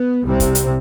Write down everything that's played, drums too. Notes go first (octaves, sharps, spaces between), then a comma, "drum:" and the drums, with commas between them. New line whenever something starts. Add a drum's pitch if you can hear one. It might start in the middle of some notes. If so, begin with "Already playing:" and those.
Already playing: B3
C2 C3 G3 C4
drum: kick, hi-hat
drum: hi-hat